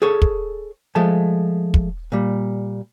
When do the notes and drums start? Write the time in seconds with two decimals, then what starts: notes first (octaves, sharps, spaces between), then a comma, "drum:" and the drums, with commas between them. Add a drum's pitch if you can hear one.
0.02 G#4 A4 C#5
0.22 drum: kick
0.95 F3 G#3 A3 A5
1.74 drum: kick
2.12 A#2 G3